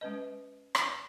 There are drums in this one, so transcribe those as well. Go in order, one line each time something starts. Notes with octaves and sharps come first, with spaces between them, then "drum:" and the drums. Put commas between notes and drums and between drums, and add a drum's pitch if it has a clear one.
G#3 C#4 B4 D#5
drum: rim click